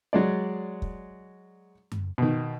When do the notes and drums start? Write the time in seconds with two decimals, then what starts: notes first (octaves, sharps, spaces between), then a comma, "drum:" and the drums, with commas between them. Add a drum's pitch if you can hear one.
0.13 F#3 G#3 D5
0.82 drum: kick
1.92 drum: tom F#2
2.18 B2 D#3